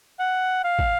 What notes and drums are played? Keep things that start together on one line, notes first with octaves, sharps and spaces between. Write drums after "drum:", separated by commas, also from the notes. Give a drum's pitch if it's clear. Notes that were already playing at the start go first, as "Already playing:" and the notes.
F#5
F5
drum: kick